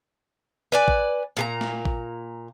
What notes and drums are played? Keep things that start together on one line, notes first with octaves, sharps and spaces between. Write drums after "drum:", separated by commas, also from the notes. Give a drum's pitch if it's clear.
B4 D5 G#5
drum: kick A1
A#2 G#4 A#5
drum: snare
drum: kick A1